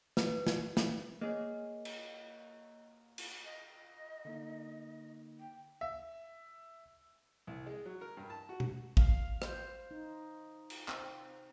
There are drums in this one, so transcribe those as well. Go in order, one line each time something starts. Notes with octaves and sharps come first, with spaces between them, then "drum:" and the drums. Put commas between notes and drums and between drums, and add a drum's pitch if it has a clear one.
B4, drum: snare
drum: snare
drum: snare
A#3 G#4 C#5 D#5
drum: cymbal
drum: cymbal
D#5
D3 A#3 D#4
G5
E5
C2
G#3
F#3
A#4
G2
A5
F#4
drum: tom B2
F5, drum: kick
C5, drum: rim click
D#4
drum: cymbal
C4, drum: clap